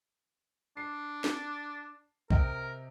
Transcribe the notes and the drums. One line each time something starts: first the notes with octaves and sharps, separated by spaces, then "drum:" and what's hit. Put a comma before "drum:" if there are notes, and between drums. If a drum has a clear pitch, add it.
D4 C7
drum: snare
C3 A#4 D#5 G5, drum: kick B1